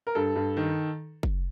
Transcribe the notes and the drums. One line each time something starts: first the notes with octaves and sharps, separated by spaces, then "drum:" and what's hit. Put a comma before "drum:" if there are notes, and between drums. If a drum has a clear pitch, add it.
A#4
G2 A4
G2
D#3
drum: kick